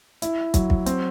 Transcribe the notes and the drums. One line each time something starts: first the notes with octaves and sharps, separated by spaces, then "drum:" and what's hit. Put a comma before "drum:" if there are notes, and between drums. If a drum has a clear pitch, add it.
E4, drum: hi-hat
F#3, drum: kick, hi-hat
drum: kick
C4, drum: hi-hat